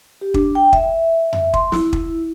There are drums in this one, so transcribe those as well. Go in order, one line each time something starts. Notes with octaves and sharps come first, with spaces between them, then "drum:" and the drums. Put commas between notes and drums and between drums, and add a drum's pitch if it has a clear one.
G4
D4, drum: kick
G5
E5, drum: kick
drum: tom F2
C6, drum: kick
E4, drum: snare
drum: kick